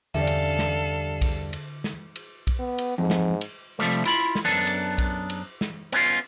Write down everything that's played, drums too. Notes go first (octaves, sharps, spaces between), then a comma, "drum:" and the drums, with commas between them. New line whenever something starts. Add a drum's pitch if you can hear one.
E2 G2 D3 G3 C#4 A4 E5 F5
drum: cymbal
drum: snare
drum: kick B1, cymbal
drum: cymbal
drum: snare
drum: cymbal
drum: kick B1, cymbal
B3
drum: cymbal
F2 G#2
drum: snare
drum: cymbal
C3 F3 G3 A3
E4 F4 B5, drum: cymbal
drum: snare
F#2 B3 D4 A4
drum: cymbal
drum: kick B1, cymbal
drum: cymbal
drum: snare
B3 C#4 F4, drum: cymbal